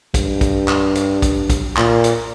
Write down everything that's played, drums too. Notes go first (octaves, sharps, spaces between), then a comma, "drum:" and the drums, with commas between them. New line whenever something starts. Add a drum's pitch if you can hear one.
G2, drum: kick, hi-hat
drum: kick, hi-hat
drum: clap
drum: hi-hat
drum: kick, hi-hat
drum: kick, hi-hat
A#2, drum: clap
drum: hi-hat